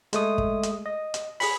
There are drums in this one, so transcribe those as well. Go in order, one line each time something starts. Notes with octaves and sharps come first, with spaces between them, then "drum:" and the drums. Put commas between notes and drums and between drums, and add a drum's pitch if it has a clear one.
G#3 A3 D#6, drum: hi-hat
drum: kick
drum: hi-hat
D#5
drum: hi-hat
G#4 B5, drum: open hi-hat